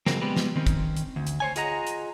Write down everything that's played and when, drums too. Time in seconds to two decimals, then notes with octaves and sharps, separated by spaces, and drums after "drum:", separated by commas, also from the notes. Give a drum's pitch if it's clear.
0.06 C#3 F#3 G#3 A#3 C4, drum: snare
0.21 G3 G#3 B3 C4 G4 B4
0.36 drum: snare
0.56 D#3 C4 C#4
0.67 drum: kick, hi-hat
0.97 drum: hi-hat
1.16 D2
1.27 drum: hi-hat
1.40 C5 C#5 G#5
1.56 F4 G#4 D#5 F#5 A#5, drum: hi-hat
1.87 drum: hi-hat